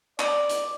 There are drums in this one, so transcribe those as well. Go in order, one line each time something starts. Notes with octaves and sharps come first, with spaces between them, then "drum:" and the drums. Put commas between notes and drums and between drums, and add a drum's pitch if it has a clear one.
D5, drum: clap
drum: hi-hat